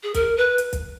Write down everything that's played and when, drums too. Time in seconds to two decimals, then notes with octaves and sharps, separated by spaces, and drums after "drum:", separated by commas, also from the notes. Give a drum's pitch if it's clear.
0.03 G#4
0.14 A#4, drum: kick, hi-hat
0.37 B4
0.58 drum: hi-hat
0.73 drum: kick, hi-hat